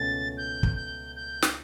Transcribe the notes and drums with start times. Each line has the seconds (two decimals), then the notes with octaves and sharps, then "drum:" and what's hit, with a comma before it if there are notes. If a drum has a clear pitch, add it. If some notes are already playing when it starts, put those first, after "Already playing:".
Already playing: C#2 B2 A3 C#4 A6
0.37 G6
0.63 drum: kick
0.76 G6
1.16 G6
1.42 drum: snare